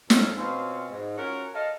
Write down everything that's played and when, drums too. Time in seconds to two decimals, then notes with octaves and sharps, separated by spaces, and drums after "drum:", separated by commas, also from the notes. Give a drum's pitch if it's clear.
0.10 F2 C#4 F4 A4, drum: snare
0.37 B2 C4 C#4 F4
0.90 G#2
1.16 C#4 F4 F#4 A#4
1.54 A4 D#5 F5